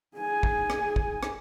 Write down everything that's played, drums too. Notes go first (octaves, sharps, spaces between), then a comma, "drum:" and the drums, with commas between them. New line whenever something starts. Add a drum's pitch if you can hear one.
G#4 G#5
drum: kick
drum: rim click
drum: kick
drum: rim click